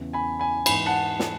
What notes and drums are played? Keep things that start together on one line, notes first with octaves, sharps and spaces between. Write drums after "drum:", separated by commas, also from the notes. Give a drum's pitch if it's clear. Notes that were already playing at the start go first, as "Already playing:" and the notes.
Already playing: E2 C#3 E3
G#5 B5
G#5 B5
G#2 E3 G#5 B5, drum: cymbal
F#5 A5
drum: snare